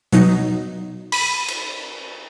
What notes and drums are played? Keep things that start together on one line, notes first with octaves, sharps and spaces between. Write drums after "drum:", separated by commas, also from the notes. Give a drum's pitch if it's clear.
B2 F#3 D#4, drum: hi-hat
B5 D#7, drum: cymbal
drum: cymbal